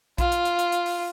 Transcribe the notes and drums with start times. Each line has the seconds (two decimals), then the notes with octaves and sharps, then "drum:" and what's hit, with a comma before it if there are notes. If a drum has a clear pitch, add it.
0.18 F4, drum: kick A#1, hi-hat
0.32 drum: hi-hat
0.45 drum: hi-hat
0.59 drum: hi-hat
0.72 drum: hi-hat
0.86 drum: open hi-hat